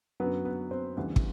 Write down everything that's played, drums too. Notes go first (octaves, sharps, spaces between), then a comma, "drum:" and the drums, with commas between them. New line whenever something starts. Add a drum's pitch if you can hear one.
F#2 D3 F#3 B3 B4
B3 B4
C4 C5
D2 C#3 E3 G3 B3 B4
drum: kick